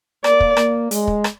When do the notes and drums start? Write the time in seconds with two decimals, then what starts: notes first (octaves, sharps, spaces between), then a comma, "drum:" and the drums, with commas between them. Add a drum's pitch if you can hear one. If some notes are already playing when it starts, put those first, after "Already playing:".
0.24 A#3 D5, drum: rim click
0.40 drum: kick
0.57 A#3, drum: rim click
0.91 G#3, drum: hi-hat
1.07 drum: kick
1.24 drum: rim click